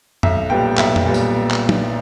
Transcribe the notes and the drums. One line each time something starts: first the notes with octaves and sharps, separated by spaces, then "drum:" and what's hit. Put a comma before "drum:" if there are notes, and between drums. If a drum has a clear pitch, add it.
B1 E5, drum: tom F2
A#2 G3 B3 G5
B1 E5, drum: clap
drum: tom F2
A#2 G3 B3
drum: tambourine
drum: clap
drum: tom